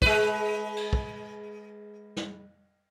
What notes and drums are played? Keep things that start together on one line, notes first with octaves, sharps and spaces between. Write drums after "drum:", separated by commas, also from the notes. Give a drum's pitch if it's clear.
G#3 B4, drum: kick
drum: cymbal
drum: kick
drum: snare